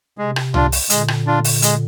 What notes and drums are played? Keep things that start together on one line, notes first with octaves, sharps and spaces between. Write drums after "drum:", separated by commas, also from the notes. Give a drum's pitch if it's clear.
C3 G#3
drum: rim click
D4 F4, drum: tom
drum: open hi-hat
A#2 D3 G#3, drum: hi-hat
drum: rim click
D4 F4
drum: open hi-hat
G#3, drum: hi-hat